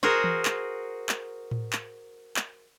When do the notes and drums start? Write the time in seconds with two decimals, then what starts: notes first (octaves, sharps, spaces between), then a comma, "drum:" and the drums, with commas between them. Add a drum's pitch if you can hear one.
0.03 F#4 G#4 A#4 C5
0.24 drum: tom E3
0.45 drum: clap
1.09 drum: clap
1.51 drum: tom A2
1.73 drum: clap
2.36 drum: clap